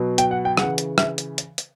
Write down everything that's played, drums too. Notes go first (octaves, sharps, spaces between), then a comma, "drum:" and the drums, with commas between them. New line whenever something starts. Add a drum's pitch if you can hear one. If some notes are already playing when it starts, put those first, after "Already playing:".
Already playing: B2 F#3
G5, drum: hi-hat
F#5
G5
C#3 E3 F#5, drum: rim click
drum: hi-hat
E5, drum: rim click
drum: hi-hat
drum: hi-hat
drum: hi-hat